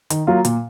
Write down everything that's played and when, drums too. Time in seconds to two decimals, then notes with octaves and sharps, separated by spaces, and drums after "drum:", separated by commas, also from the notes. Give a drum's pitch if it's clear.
0.10 D#3, drum: hi-hat
0.27 F#3 A#3 F4
0.45 A#2, drum: hi-hat